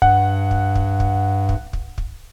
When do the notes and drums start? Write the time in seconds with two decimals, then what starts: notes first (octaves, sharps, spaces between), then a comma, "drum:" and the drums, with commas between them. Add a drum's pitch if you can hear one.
0.02 G2 F#5, drum: kick
0.51 drum: kick
0.75 drum: kick
1.00 drum: kick
1.49 drum: kick
1.73 drum: kick
1.98 drum: kick